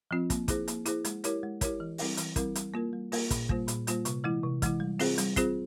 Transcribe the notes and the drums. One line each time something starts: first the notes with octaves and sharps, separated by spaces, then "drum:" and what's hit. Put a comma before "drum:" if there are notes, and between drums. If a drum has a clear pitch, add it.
F3 C4 F4
A#3, drum: kick, hi-hat
E4 G#4 C5, drum: kick, hi-hat
A#3, drum: hi-hat
E4 G#4 C5, drum: hi-hat
G#3, drum: hi-hat
E4 G4 A#4 C#5, drum: hi-hat
G#3
E4 G4 A#4 C#5, drum: kick, hi-hat
E3
G3 C4 E4 A#4, drum: open hi-hat
E3, drum: hi-hat
G3 C4 E4 A#4, drum: kick, hi-hat
G3, drum: hi-hat
A#3 F4 A#4
G3
A#3 F4 A#4, drum: open hi-hat
A#2, drum: kick, hi-hat
G3 A#3 F4 C5, drum: kick
A#2, drum: hi-hat
G3 A#3 F4 C5, drum: hi-hat
C3, drum: hi-hat
E3 G#3 E4
C3
E3 G#3 E4, drum: kick, hi-hat
G3
C4 F4 G#4 C5, drum: open hi-hat
G3, drum: hi-hat
C4 F4 G#4 C5, drum: kick, hi-hat